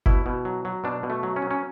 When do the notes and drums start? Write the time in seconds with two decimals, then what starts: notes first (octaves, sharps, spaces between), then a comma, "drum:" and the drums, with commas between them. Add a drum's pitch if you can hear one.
0.06 B2 E4, drum: kick F#1
0.26 B2
0.45 F#3
0.65 F#3
0.84 B2 D4
1.03 B2
1.10 A3
1.23 F#3
1.36 C#4
1.42 F#3
1.51 C#4